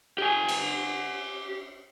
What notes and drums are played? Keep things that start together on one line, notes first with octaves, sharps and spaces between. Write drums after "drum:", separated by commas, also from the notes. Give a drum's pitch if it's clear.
G4 G#5
drum: cymbal